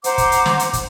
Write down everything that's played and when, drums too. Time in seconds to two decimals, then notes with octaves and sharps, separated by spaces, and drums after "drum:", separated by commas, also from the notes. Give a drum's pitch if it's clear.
0.04 C5 F#5 A#5 D6, drum: hi-hat
0.18 drum: kick, hi-hat
0.32 drum: hi-hat
0.46 drum: snare
0.59 drum: hi-hat
0.73 drum: kick, hi-hat